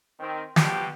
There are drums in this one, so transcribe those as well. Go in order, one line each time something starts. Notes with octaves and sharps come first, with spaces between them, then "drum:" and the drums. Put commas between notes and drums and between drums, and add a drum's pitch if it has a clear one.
D#3 C4
B2 F3 G3 G4, drum: snare